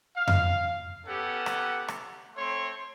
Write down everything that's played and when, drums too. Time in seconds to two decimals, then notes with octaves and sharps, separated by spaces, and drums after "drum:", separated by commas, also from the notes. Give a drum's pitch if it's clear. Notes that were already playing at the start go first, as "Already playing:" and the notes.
0.17 F5
0.27 drum: tom F2
1.07 B3 C#4 G4 A4 F#5
1.46 drum: rim click
1.88 drum: rim click
2.36 A3 C4 C#5 C6